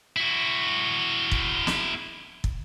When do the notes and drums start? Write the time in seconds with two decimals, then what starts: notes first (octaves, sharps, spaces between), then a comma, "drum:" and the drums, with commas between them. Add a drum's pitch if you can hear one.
0.17 E4 F#4
1.32 drum: kick
1.67 drum: snare
2.44 drum: kick